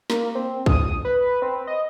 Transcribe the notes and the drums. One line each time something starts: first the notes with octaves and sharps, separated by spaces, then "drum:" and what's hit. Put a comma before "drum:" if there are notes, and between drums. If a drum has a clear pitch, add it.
A#3, drum: snare
C4
D#6, drum: kick
B4
C4
D#5